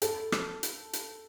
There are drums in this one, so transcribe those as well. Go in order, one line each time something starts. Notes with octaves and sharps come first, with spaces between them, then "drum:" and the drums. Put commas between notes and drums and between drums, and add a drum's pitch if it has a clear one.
A4, drum: hi-hat
drum: rim click
drum: hi-hat
drum: hi-hat